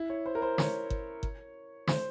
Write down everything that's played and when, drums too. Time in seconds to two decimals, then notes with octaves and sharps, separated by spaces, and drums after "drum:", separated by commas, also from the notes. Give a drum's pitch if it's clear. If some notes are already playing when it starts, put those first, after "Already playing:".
Already playing: E4
0.10 C#5
0.26 C5
0.35 A#4
0.42 C5
0.58 C#5, drum: snare
0.90 drum: kick G1
1.23 drum: kick G1
1.87 C5, drum: snare